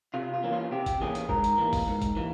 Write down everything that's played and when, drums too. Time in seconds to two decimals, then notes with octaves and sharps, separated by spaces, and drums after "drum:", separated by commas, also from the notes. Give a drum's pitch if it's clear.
0.14 C3 F4
0.34 F4
0.44 E3 A#3 C#4
0.53 F4
0.71 C3 G4
0.86 drum: kick G#1, hi-hat
1.01 E3 A#3 C#4 G#4
1.15 drum: hi-hat
1.29 G#2 A#4, drum: kick G#1
1.44 drum: hi-hat
1.58 E3 A#3
1.73 drum: kick G#1, open hi-hat
1.88 G#2
2.02 drum: kick G#1, hi-hat
2.16 E3 A#3